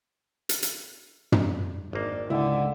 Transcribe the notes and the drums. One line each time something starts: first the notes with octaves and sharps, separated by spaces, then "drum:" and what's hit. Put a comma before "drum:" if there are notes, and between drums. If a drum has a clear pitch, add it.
drum: hi-hat
drum: hi-hat
drum: tom
G#1 A#3 D4
C#2 D3 E4